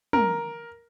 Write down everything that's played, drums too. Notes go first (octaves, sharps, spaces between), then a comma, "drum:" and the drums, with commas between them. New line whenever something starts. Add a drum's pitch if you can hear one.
A#4, drum: tom